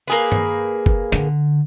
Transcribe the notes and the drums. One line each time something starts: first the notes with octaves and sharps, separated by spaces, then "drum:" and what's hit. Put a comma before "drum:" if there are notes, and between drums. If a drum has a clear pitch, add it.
A#3 G#4 B4
drum: tom G2
drum: kick G1
D3, drum: hi-hat